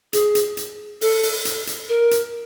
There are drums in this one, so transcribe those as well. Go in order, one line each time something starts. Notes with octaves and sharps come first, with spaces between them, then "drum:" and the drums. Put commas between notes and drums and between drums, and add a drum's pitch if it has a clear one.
G#4, drum: hi-hat
drum: hi-hat
drum: hi-hat
A4, drum: open hi-hat
drum: open hi-hat
drum: hi-hat
drum: hi-hat
A#4
drum: hi-hat